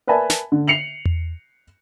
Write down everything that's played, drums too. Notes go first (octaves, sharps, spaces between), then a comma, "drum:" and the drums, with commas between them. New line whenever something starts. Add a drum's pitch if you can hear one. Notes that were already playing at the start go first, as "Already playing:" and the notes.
A#4 B4 D5 E5 G#5 A5
drum: snare
D3
C7 C#7 F7 F#7
drum: tom E2